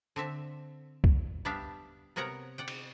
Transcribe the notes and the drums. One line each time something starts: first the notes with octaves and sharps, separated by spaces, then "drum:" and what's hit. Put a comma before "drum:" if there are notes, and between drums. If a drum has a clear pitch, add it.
D3 C4 E5 A5
drum: kick
G3 B3 D4 G4 E5 F5
C3 B3 A#4 C#5 F#5 A#5
D5 F#5 G5
drum: cymbal